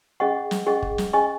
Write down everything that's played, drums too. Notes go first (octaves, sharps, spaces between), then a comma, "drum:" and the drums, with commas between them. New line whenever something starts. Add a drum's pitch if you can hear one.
C#4 G#4 D#5 F#5 C#6
drum: snare
C#4 G#4 D#5 F#5 C#6
drum: kick
drum: snare
C#4 G#4 D#5 G#5 C#6